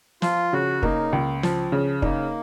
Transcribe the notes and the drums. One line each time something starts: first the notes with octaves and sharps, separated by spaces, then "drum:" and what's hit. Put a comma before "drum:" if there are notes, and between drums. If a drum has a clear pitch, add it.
F3 F4, drum: snare
C#3 F#4
A#3 D#4, drum: kick
C#2
F3, drum: snare
C#3
A#3 D#4, drum: kick